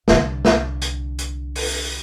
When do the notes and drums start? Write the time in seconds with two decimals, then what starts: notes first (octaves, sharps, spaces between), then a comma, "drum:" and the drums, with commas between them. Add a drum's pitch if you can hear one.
0.08 C2 D3, drum: snare
0.45 drum: snare
0.82 drum: hi-hat
1.19 drum: hi-hat
1.56 drum: open hi-hat